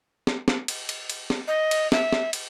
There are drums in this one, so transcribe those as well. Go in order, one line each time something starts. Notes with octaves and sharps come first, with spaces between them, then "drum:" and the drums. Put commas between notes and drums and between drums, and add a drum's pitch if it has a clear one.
drum: snare
drum: snare
drum: cymbal
drum: cymbal
drum: cymbal
drum: snare
D#5
drum: cymbal
E5, drum: snare
drum: snare
drum: cymbal